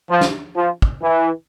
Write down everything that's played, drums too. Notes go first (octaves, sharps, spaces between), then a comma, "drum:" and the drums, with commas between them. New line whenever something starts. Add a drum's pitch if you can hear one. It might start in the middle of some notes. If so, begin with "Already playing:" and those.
F3
drum: snare
F3
drum: kick
E3